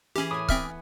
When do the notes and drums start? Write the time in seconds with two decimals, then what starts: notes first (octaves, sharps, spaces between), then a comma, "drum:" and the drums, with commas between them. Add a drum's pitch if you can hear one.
0.16 E3 C#4 G4 G#4
0.31 A2 G#5 B5 D6 D#6
0.49 B3 C4 E5 F6, drum: kick C#1